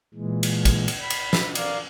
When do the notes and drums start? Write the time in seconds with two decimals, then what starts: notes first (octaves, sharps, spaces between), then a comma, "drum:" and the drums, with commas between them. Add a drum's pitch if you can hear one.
0.15 A#2 E3 G#3
0.43 drum: cymbal
0.65 drum: kick, cymbal
0.88 drum: cymbal
1.01 B5
1.10 drum: cymbal
1.33 drum: snare
1.55 A#4 D5 F5, drum: cymbal